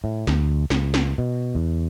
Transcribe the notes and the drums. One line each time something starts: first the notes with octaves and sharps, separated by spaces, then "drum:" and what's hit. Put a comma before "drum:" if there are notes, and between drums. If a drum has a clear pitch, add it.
A2
D2, drum: snare
C#2, drum: snare
drum: snare
B2
E2